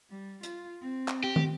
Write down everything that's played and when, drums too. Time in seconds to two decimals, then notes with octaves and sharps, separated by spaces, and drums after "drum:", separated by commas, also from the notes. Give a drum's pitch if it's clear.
0.11 G3
0.43 F4, drum: hi-hat
0.81 C4
1.08 drum: clap
1.24 G4
1.36 drum: tom